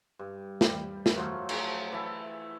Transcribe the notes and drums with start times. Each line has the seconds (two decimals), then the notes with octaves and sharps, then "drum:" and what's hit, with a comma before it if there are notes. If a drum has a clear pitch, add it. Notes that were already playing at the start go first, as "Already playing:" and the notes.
0.19 G2
0.61 G3, drum: snare
1.06 drum: snare
1.16 F#2 F3 F#3 A3
1.49 drum: cymbal
1.92 E3 E4 E5 A5